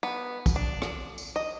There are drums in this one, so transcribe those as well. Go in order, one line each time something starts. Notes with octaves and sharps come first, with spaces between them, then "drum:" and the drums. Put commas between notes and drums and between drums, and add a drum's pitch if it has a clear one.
B3
drum: kick, tambourine
D4
drum: rim click
drum: tambourine
D#5